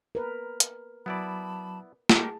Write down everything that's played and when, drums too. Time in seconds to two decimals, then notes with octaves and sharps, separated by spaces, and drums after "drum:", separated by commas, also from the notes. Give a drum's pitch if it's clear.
0.15 A#4 B4
0.60 drum: hi-hat
1.06 F#3 B3 E4 D5 A5 B5 D6
2.09 G4 G#4 A#4 A5, drum: snare